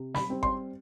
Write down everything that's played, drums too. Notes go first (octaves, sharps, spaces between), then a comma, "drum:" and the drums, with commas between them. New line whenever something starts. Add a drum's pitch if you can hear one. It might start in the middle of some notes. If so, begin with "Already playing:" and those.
Already playing: C3
B5, drum: snare
G3 C4
C6, drum: kick G1